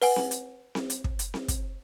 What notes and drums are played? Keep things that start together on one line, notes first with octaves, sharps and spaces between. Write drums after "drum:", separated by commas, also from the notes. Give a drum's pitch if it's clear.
B4 F#5 G#5, drum: open hi-hat
drum: snare C4
drum: hi-hat
drum: snare C4
drum: hi-hat
drum: kick
drum: hi-hat
drum: snare C4
drum: kick, hi-hat